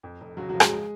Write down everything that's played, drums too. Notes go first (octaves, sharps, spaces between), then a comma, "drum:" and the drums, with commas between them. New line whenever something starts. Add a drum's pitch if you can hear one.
F2
F1
C#3 F#3 F#4
F#3 F#4
F3
G#3 G#4, drum: rim click